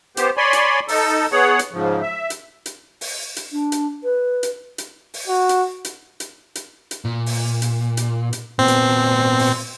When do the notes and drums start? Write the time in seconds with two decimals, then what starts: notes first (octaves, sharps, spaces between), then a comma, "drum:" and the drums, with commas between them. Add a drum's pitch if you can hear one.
0.17 B3 G4 C5, drum: hi-hat
0.37 C#5 D5 G#5 B5 C6
0.53 drum: hi-hat
0.88 D#4 A4, drum: open hi-hat
1.32 B3 G#4 C#5 F#5
1.59 drum: hi-hat
1.73 G#2 C#3 F3
2.01 E5
2.30 drum: hi-hat
2.66 drum: hi-hat
3.01 drum: open hi-hat
3.36 drum: hi-hat
3.52 D4
3.72 drum: hi-hat
4.04 B4
4.43 drum: hi-hat
4.78 drum: hi-hat
5.14 drum: open hi-hat
5.28 F#4
5.49 drum: hi-hat
5.85 drum: hi-hat
6.20 drum: hi-hat
6.55 drum: hi-hat
6.91 drum: hi-hat
7.05 A#2
7.26 drum: open hi-hat
7.62 drum: hi-hat
7.97 drum: hi-hat
8.33 drum: hi-hat
8.59 A#2 B3 C4
8.68 drum: hi-hat
9.39 drum: open hi-hat